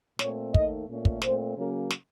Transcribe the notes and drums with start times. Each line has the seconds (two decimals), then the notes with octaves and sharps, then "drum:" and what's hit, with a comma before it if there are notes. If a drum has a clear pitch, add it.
0.19 A#2 A3 C4 C#5, drum: snare
0.54 D#2 D#3 A3 D#5, drum: kick
0.88 A#2 A3 C#4
1.05 drum: kick
1.22 A#2 A3 C4 C5, drum: snare
1.57 C#3 F#3 A#3 C#4 A#4
1.90 drum: snare